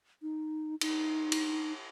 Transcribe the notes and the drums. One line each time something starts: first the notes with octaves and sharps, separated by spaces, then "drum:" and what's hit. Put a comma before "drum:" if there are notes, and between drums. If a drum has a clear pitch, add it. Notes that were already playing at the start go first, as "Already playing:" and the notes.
D#4
D#4, drum: cymbal
drum: cymbal